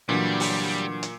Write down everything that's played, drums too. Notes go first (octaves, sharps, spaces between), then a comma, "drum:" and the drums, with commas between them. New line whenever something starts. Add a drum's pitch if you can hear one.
A#2 D3 E3 F#3 G3
drum: open hi-hat
drum: hi-hat